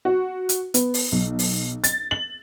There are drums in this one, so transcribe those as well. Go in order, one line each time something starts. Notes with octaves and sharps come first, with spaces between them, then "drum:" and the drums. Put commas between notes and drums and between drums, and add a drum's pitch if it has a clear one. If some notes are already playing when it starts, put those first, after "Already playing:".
F#4
drum: hi-hat
B3, drum: hi-hat
drum: open hi-hat
B1
drum: open hi-hat
A6, drum: hi-hat
F#7